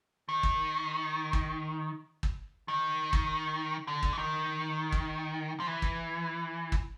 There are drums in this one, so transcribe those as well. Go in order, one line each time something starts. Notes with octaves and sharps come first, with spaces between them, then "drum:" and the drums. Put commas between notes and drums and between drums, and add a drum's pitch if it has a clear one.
D#3
drum: kick
drum: kick
drum: kick
D#3
drum: kick
D3
drum: kick
E3
D#3
drum: kick
F3
E3
drum: kick
drum: kick